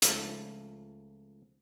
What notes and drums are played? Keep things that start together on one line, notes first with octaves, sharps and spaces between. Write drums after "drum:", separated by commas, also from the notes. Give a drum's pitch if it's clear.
C#2 F3 A3, drum: hi-hat